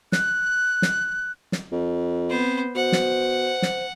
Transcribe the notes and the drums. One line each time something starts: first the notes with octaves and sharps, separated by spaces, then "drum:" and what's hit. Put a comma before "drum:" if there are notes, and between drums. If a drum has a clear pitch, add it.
F#6, drum: snare
drum: snare
drum: snare
F2
B3 C4 C5
B2 C5 F#5
drum: snare
drum: snare